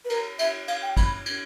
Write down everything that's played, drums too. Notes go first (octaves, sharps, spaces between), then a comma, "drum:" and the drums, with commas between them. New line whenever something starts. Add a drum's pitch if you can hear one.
B4
A#4, drum: cymbal
E5, drum: cymbal
F5, drum: cymbal
G5
B5, drum: kick, cymbal
drum: cymbal